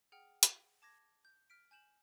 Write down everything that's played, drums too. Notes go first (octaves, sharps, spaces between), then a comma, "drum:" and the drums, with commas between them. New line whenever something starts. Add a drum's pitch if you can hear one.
G#4 F#5 G5 F6
drum: hi-hat
A5 D6 G#6 A#6
G6
F6 B6 D7
G#5 G6 E7 F#7